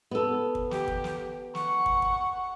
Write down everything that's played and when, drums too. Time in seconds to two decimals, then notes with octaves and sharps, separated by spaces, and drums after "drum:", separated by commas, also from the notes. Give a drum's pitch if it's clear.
0.11 B3 A4
0.55 drum: kick
0.71 G4, drum: snare
0.88 drum: kick
1.04 drum: snare
1.55 F#5 C#6, drum: snare
1.86 drum: kick
2.02 drum: kick